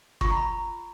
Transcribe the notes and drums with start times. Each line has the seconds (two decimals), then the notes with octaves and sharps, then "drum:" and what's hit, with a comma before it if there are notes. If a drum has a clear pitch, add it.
0.21 F4 C#6, drum: kick
0.30 A#5
0.37 B5